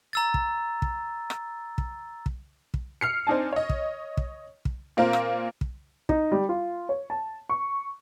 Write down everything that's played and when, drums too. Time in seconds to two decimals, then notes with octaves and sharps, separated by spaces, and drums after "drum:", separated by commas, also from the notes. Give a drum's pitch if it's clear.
0.13 A#5 E6 A6
0.34 drum: kick
0.82 drum: kick
1.30 drum: rim click
1.78 drum: kick
2.26 drum: kick
2.74 drum: kick
3.01 F6 C7 C#7
3.27 C4 D4 D#4 G#5 A5
3.53 C#5 D#5
3.69 drum: kick
4.17 drum: kick
4.65 drum: kick
4.97 A#2 A#3 C4 A#4
5.13 drum: rim click
5.61 drum: kick
6.09 D#4, drum: kick
6.32 G3
6.49 F4
6.89 C#5
7.10 A5
7.49 C#6